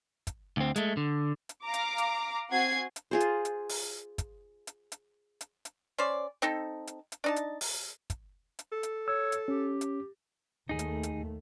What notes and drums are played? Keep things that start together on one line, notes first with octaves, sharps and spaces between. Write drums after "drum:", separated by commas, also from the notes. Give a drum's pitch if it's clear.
drum: kick, hi-hat
D2 C4
G#3 A3, drum: hi-hat
D3
drum: hi-hat
F5 A#5 D6
drum: hi-hat
drum: hi-hat
C4 F#4 F#5 G#5 G#6 C7
drum: hi-hat
F4 G#4 C5
drum: hi-hat
drum: hi-hat
drum: open hi-hat
drum: kick, hi-hat
drum: hi-hat
drum: hi-hat
drum: hi-hat
drum: hi-hat
C#4 C5 D5
C4 D#4 A4
drum: hi-hat
drum: hi-hat
D4 D#4 A5
drum: hi-hat
drum: open hi-hat
drum: kick, hi-hat
drum: hi-hat
A4
drum: hi-hat
C#5 E6
drum: hi-hat
C#4 G4
drum: hi-hat
D#2 D#3 A3 D#4 G#4
drum: hi-hat
drum: hi-hat